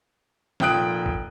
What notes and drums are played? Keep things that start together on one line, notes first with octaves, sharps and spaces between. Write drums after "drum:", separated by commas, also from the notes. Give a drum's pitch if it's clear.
F1 A#2 G5 D#6 F#6 D7, drum: snare
drum: kick